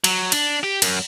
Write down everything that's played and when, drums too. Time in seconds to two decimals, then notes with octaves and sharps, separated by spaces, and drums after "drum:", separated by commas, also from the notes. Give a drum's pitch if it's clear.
0.04 F#3, drum: cymbal
0.32 D4, drum: cymbal
0.63 G4
0.82 F#2, drum: cymbal